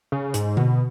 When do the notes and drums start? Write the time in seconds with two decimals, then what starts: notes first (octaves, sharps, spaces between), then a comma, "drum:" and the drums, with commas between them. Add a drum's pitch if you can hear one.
0.12 C#3
0.34 G#2, drum: hi-hat
0.57 B2, drum: tom D3